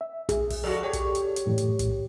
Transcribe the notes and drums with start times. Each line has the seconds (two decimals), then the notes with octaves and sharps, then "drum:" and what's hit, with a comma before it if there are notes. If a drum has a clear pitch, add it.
0.01 E5
0.29 G#4, drum: kick, hi-hat
0.50 drum: kick, open hi-hat
0.64 F3 F4 F#4 A4 D5
0.83 G4 C#5
0.93 drum: kick, hi-hat
1.15 drum: hi-hat
1.36 drum: hi-hat
1.46 F#2 A2 E3
1.58 drum: hi-hat
1.79 drum: kick, hi-hat